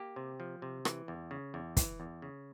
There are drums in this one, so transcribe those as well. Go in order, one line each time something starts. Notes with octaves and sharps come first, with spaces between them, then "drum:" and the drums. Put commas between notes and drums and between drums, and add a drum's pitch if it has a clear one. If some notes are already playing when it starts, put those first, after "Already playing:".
Already playing: A#3 G4
C3
F3
C3
E3, drum: rim click
E2
C#3
E2
E3, drum: kick, hi-hat
E2
C#3